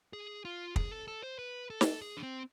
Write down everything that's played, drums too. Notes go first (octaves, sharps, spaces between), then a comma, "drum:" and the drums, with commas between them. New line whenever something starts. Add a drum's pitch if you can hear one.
G#4
F4
G#4, drum: kick
A4
A4
C5
B4
A4
drum: snare
G#4
D4
C4